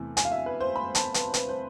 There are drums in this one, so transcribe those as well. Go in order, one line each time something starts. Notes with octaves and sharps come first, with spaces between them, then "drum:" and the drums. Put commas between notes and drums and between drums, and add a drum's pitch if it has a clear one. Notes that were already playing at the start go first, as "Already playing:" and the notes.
Already playing: E2 C3 E3 A3
G#5, drum: hi-hat
F5
E5
B4
C5
B5
A5, drum: hi-hat
B4, drum: hi-hat
B4, drum: hi-hat
C5